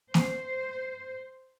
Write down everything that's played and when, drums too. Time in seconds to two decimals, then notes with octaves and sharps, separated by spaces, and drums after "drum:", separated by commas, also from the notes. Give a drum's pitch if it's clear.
0.14 C5, drum: snare A#3